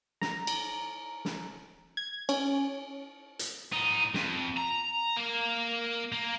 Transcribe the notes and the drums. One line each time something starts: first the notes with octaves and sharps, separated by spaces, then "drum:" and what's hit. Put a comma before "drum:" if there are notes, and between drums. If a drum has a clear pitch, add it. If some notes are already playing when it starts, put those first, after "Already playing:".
A#5, drum: snare
drum: cymbal
drum: snare
G#6
C#4, drum: cymbal
drum: hi-hat
A2 D#4
F2, drum: snare
A#5
A#3 A#4
A#3